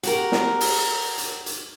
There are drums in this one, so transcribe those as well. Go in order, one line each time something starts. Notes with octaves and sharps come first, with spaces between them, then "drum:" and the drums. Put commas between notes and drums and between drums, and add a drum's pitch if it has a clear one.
F#4 G4 A#4, drum: hi-hat
drum: snare
drum: open hi-hat
drum: hi-hat
drum: hi-hat